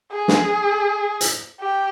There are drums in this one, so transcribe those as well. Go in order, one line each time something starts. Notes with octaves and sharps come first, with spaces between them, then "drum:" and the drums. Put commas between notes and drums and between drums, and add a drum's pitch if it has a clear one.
G#4
drum: snare
drum: hi-hat
G4